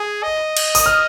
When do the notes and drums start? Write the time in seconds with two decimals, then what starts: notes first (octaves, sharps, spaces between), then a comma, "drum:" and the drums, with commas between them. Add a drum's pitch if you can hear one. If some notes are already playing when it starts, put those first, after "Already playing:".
Already playing: G#4
0.23 D#5
0.57 drum: cymbal
0.75 D#6, drum: open hi-hat
0.86 F6